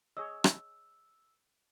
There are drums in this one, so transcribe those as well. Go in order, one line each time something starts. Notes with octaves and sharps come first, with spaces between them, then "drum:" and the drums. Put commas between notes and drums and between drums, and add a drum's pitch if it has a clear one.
G#4 C#5 D#5 E6
drum: rim click